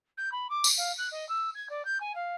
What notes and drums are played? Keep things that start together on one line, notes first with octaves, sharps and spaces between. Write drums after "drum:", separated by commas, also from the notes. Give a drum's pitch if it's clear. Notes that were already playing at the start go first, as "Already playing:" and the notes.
G6
B5
D6
drum: tambourine
F5
F#6
D#5
E6
G#6
D5
G6
G#5
F5